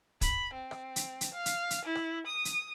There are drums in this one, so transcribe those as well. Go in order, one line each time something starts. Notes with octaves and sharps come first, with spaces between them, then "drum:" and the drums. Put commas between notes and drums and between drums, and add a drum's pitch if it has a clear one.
B5, drum: kick, hi-hat
C4
drum: rim click
drum: hi-hat
drum: hi-hat
F5
drum: hi-hat
drum: hi-hat
E4
drum: rim click
D#6
drum: hi-hat